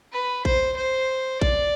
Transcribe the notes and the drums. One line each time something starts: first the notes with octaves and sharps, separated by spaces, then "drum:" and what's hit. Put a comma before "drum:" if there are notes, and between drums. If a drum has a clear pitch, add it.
B4
C5, drum: kick A1
C5
D5, drum: kick A1